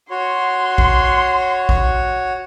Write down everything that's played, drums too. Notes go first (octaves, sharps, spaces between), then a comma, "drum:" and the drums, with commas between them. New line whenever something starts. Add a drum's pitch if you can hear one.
F#4 C#5 C6
drum: kick A#1
drum: kick A#1